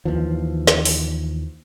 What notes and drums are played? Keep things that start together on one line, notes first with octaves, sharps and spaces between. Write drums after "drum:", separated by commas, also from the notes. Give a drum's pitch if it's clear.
D#2 E3 F3
drum: snare
drum: open hi-hat